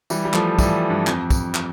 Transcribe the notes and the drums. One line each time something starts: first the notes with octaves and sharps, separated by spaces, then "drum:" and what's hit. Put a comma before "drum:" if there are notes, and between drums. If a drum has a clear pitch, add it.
E3 G3, drum: tambourine
G3
F3 A3, drum: clap
E3 G3, drum: kick, tambourine
G2
F2, drum: clap
drum: kick, tambourine
drum: clap